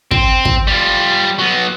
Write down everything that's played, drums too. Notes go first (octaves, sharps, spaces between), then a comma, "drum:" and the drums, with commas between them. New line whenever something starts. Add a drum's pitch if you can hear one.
C4, drum: kick
drum: kick
G3 F4
F#3 B3